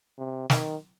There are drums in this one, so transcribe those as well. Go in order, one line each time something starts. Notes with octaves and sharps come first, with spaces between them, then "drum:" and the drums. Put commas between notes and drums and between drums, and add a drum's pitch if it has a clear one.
C3
D#3, drum: snare